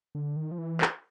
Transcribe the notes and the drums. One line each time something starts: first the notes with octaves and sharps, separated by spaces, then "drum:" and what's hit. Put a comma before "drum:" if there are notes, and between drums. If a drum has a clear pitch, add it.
D3
D#3
F3
E3
drum: clap